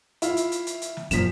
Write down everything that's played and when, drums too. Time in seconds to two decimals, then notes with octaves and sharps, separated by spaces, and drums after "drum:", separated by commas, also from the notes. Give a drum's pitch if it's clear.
0.22 E4 F4, drum: hi-hat
0.37 drum: hi-hat
0.52 drum: hi-hat
0.67 drum: hi-hat
0.82 drum: hi-hat
0.97 drum: snare
1.11 F#2 A#2 F3 B6 E7, drum: hi-hat